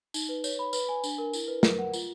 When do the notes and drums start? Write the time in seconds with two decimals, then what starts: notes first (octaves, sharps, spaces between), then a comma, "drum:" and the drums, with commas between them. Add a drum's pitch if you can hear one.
0.14 D#4, drum: tambourine
0.29 B4
0.44 C#5, drum: tambourine
0.59 B5
0.73 B4, drum: tambourine
0.89 G#5
1.04 D4, drum: tambourine
1.18 A#4
1.33 E4, drum: tambourine
1.48 B4
1.63 A#4, drum: snare
1.78 F#5
1.93 F4, drum: tambourine